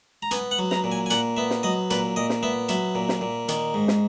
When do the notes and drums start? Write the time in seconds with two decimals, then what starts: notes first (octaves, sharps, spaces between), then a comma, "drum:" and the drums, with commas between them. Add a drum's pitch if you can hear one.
0.23 A#5
0.31 B3 G#5, drum: hi-hat
0.51 F#5
0.59 F#3
0.71 A#5, drum: snare
0.84 A#2
0.92 G#5
1.06 G#5
1.10 A#2 F#5, drum: hi-hat
1.37 B3 E5
1.50 drum: snare
1.63 F#3 D#5
1.90 A#2 B4, drum: hi-hat
2.16 A#2 D#5
2.30 drum: snare
2.43 B3 E5
2.69 F#3 E5, drum: hi-hat
2.95 A#2
3.09 drum: snare
3.21 A#2
3.48 D#3, drum: hi-hat
3.74 G#2
3.88 drum: snare